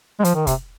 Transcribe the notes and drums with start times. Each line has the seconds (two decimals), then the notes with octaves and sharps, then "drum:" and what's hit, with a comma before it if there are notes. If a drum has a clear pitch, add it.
0.20 G#3
0.24 F3, drum: hi-hat
0.36 D#3
0.47 C3, drum: kick F1, hi-hat